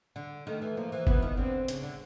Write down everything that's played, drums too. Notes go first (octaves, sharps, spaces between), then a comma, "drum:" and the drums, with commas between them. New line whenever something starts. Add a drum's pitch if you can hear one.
D3
D#3 A3
E3
F3 A#3
E3
E3 B3, drum: kick F#1
D#3
D3 C4
C#3, drum: hi-hat
D3